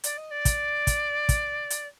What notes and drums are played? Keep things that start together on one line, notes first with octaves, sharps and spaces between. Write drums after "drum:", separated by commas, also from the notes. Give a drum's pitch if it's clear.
D5, drum: hi-hat
D#5
D5
drum: kick, hi-hat
drum: kick, hi-hat
drum: kick, hi-hat
drum: hi-hat